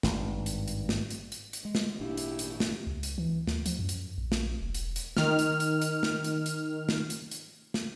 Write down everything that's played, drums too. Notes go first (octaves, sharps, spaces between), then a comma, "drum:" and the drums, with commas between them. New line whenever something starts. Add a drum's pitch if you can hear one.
G#1 G2, drum: snare
drum: hi-hat
drum: hi-hat
drum: snare
drum: hi-hat
drum: hi-hat
drum: hi-hat
G#3
drum: snare
G#1 A#2 D4 E4 G4
drum: hi-hat
drum: hi-hat
drum: snare
C#2
drum: hi-hat
E3
D2, drum: snare
F3, drum: hi-hat
F#2
drum: hi-hat
A#1
drum: snare
E1
drum: hi-hat
drum: hi-hat
D#3 F6, drum: snare
drum: hi-hat
drum: hi-hat
drum: hi-hat
drum: snare
drum: hi-hat
drum: hi-hat
drum: snare
drum: hi-hat
drum: hi-hat
drum: snare